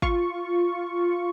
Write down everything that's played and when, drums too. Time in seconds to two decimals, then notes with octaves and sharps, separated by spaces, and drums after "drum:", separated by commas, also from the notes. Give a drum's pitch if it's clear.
0.02 F4 C#6, drum: kick G#1